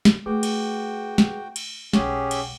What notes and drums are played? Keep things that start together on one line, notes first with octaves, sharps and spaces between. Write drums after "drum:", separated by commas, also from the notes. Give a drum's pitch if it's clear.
drum: snare
A3 F#4 G#4 B4 G5 D6
drum: cymbal
drum: snare
drum: cymbal
E1 B1 C#4 G4 G#4 F#5 G5 C#6, drum: snare
drum: cymbal